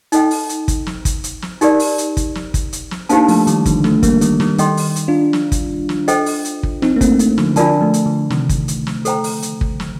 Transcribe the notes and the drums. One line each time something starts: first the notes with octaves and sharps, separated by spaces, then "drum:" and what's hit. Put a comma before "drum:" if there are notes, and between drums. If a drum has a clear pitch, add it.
D#4 A4 D#5 G5, drum: hi-hat
drum: open hi-hat
drum: hi-hat
drum: kick, hi-hat
drum: snare
drum: kick, hi-hat
drum: hi-hat
drum: snare
D#4 G4 A#4 D5, drum: hi-hat
drum: open hi-hat
drum: hi-hat
drum: kick, hi-hat
drum: snare
drum: kick, hi-hat
drum: hi-hat
drum: snare
A#3 D4 D#4 G4 C5 F5 A5, drum: hi-hat
F3 A3, drum: open hi-hat
D#3 G3, drum: hi-hat
D3 F3, drum: kick, hi-hat
F3 A3, drum: snare
G3 A#3, drum: kick, hi-hat
D#3 G3, drum: hi-hat
D#3 G3, drum: snare
D#3 G3 A4 D#5 G5 C6, drum: hi-hat
drum: open hi-hat
drum: hi-hat
D4 F4
drum: snare
drum: kick, hi-hat
drum: snare
A4 C5 D#5 G5, drum: hi-hat
drum: open hi-hat
drum: hi-hat
drum: kick
C4 D#4, drum: snare
A#3
A3 C4, drum: kick, hi-hat
A3 C4, drum: hi-hat
D3 F3, drum: snare
D3 F3 D4 F4 A#4 D5 A5, drum: hi-hat
F3 A3
drum: hi-hat
D3 F3
C3 D#3, drum: snare
drum: kick, hi-hat
drum: hi-hat
drum: snare
A4 C5 G5 A#5, drum: hi-hat
drum: open hi-hat
drum: hi-hat
drum: kick
drum: snare